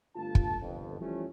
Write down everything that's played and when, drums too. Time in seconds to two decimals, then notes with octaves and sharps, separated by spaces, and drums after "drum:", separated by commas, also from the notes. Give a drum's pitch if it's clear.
0.16 G1 A3 F4 A5
0.35 drum: kick
0.61 G1 F2
0.99 E3 F3 G3 A3 C#4